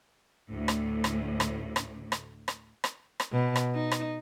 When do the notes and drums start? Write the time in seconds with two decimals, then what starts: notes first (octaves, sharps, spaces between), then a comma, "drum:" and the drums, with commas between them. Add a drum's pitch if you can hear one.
0.50 D2 A2
0.68 drum: rim click
1.04 drum: rim click
1.40 drum: rim click
1.76 drum: rim click
2.12 drum: rim click
2.48 drum: rim click
2.84 drum: rim click
3.20 drum: rim click
3.32 B2
3.56 drum: rim click
3.74 D#4
3.91 drum: rim click